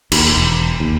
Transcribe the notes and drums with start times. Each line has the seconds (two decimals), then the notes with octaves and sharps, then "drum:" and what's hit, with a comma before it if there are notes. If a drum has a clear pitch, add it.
0.12 D#2, drum: cymbal
0.30 E1
0.80 D#2